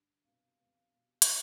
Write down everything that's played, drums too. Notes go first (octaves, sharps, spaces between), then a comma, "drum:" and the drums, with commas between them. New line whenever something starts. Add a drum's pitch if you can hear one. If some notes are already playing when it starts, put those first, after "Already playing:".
Already playing: G2 D3 G3
C2 B2 G3 B3 F5
F2 D3 G3 B3
B2 G3 B3
drum: hi-hat